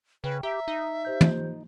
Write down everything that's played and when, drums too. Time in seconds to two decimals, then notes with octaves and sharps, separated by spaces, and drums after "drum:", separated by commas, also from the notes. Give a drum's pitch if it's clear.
0.24 C#3 B4 G5
0.43 G4 E5 A#5
0.68 D#4
1.05 G4 C5 G6
1.21 drum: tom